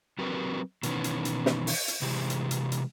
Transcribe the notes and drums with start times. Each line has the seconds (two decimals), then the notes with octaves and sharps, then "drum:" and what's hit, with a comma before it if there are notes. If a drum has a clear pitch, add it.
0.19 F#3 C4 F#4 G4 A#4 B4
0.83 B2 D#3 E3 A#3 B3 C#4, drum: hi-hat
1.04 drum: hi-hat
1.25 drum: hi-hat
1.46 drum: snare
1.67 drum: open hi-hat
1.88 drum: hi-hat
2.02 C3 E3 G#3 G4
2.30 drum: hi-hat
2.51 drum: hi-hat
2.72 drum: hi-hat